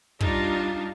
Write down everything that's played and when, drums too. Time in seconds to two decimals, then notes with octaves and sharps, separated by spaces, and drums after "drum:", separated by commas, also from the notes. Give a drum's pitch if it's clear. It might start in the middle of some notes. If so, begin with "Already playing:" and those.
0.20 G3 D4 D#4 F4 F5 A5, drum: kick